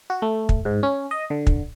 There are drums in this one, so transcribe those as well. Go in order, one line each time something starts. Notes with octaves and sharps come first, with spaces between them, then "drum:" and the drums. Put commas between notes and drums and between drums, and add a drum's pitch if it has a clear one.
F#4
A3
drum: kick
G#2
C#4
D#5
D3
drum: kick